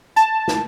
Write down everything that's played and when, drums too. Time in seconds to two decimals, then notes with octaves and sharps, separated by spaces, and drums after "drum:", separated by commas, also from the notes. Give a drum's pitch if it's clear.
0.16 A5, drum: hi-hat
0.48 drum: snare